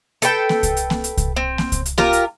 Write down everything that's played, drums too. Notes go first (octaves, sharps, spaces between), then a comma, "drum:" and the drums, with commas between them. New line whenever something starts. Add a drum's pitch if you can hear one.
A4 B4 G5, drum: hi-hat
drum: snare A#3
drum: kick C2, hi-hat
drum: hi-hat
drum: snare A#3
drum: hi-hat
drum: kick C2, hi-hat
C4
drum: snare A#3
drum: kick C2, hi-hat
drum: hi-hat
F4 G4 A#4 A#5, drum: snare A#3
drum: hi-hat